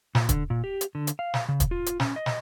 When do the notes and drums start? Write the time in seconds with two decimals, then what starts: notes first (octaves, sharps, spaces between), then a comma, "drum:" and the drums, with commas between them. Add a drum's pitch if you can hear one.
0.15 A#2, drum: snare
0.29 D3, drum: kick, hi-hat
0.50 A#2
0.64 G4
0.81 drum: hi-hat
0.95 D3
1.07 drum: hi-hat
1.19 F5
1.34 drum: snare
1.49 C#3
1.60 drum: kick, hi-hat
1.71 F4
1.86 drum: hi-hat
2.00 C#4, drum: snare
2.16 D#5
2.26 drum: snare